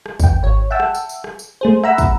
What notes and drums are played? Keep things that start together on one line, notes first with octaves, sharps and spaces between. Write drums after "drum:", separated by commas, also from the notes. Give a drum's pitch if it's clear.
drum: rim click
E2 G5, drum: kick, tambourine
G#1 C#5
E5 F#5 G5 A5 E6
drum: rim click
drum: tambourine
drum: tambourine
drum: rim click
drum: tambourine
A3 G#4 C5
E5 F#5 A#5 B5 E6, drum: rim click
drum: kick, tambourine